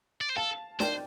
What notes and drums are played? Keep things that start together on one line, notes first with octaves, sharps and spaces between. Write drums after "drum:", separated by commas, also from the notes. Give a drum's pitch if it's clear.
D5
C5
A4 F5 A5
C5 D5 G5, drum: snare